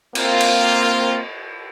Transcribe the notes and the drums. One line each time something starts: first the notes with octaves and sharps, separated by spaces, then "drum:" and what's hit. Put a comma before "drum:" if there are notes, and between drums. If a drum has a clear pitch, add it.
A#3 C4 F4, drum: cymbal
drum: cymbal